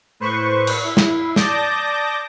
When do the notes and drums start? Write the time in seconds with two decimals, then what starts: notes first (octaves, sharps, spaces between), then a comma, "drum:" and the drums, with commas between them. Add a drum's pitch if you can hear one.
0.20 A2 B4 C5 C#6
0.67 drum: cymbal
0.83 E4
0.97 drum: snare
1.36 D5 A5 D6 D#6 G6 A#6, drum: snare